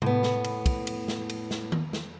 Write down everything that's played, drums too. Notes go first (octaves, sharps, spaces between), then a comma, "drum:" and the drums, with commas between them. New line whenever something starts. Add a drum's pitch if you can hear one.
A2 B3, drum: tom C3
drum: snare
drum: cymbal
drum: kick, cymbal
drum: cymbal
drum: snare
drum: cymbal
drum: snare
drum: tom D#3
drum: snare